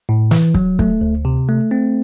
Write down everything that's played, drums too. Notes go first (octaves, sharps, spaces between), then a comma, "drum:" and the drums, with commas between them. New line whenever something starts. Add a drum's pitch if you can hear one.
A2
E3, drum: snare
F#3, drum: kick
A3, drum: kick
D2
C3
A3
C4